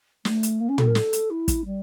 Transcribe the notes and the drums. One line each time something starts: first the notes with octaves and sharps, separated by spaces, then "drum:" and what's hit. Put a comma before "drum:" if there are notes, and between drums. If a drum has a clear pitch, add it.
A3, drum: snare
drum: hi-hat
A#3
C#4
A4, drum: tom
A#4
A4, drum: snare
drum: hi-hat
E4
drum: kick, hi-hat
G3